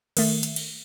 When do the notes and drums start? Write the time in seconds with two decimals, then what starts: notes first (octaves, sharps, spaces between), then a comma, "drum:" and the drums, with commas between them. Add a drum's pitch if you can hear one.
0.17 D#3 A3, drum: cymbal
0.43 drum: hi-hat
0.56 drum: cymbal